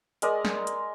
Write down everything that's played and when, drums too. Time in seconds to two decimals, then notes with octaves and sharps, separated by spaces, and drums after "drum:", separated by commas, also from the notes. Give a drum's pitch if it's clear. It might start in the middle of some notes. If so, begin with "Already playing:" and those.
0.22 G#3 A#4 D5 D#5, drum: hi-hat
0.45 drum: snare
0.67 drum: hi-hat